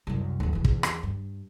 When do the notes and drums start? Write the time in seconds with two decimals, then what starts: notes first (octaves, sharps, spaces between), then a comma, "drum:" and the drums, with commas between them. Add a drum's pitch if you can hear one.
0.07 C2 F#2
0.40 D1 F2
0.53 E1 E3
0.65 E2, drum: kick
0.83 drum: rim click
1.03 G2